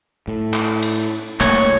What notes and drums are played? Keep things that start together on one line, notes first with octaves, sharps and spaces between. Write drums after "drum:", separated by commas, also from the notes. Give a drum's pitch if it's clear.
A2
drum: clap
drum: cymbal
C2 A3 A#3 C#5, drum: clap